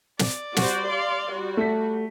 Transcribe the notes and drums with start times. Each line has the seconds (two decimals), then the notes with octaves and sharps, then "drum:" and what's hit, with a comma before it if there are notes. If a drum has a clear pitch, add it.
0.19 D5, drum: snare
0.56 G3 F#4 C5, drum: snare
0.87 F5 C6
1.28 G3 F#4
1.57 A3 B6